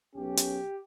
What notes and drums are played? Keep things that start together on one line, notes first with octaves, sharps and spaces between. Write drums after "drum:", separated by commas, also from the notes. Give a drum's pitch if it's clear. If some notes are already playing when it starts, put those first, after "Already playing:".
B1 C#4 G4
drum: hi-hat